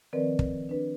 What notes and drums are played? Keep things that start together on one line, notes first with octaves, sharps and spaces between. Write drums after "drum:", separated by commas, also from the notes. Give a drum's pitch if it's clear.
D#3 F3 C4 A#4 B4 D5
drum: kick
D4 B4